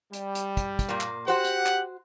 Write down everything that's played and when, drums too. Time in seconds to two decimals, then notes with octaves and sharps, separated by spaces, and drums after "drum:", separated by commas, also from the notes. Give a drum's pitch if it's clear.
0.13 G3, drum: hi-hat
0.35 drum: hi-hat
0.57 drum: kick, hi-hat
0.79 drum: kick, hi-hat
0.89 A#2 A#3
1.01 drum: clap
1.28 F#4 G4 C5 F#5
1.44 drum: hi-hat
1.66 drum: clap